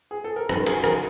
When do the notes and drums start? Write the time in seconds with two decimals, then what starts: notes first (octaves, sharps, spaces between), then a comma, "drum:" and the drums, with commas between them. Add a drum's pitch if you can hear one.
0.11 G#4
0.24 A4
0.36 A#4
0.49 F#2 D#3 A4 B4, drum: rim click
0.66 G#4 A#4, drum: cymbal
0.84 G#4 A#4, drum: rim click